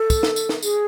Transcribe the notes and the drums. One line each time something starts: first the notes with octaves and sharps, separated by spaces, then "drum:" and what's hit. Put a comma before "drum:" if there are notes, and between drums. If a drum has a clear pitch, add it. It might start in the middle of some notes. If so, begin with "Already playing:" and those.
Already playing: A4
drum: kick, tambourine
drum: snare
drum: tambourine
drum: snare
G#4, drum: tambourine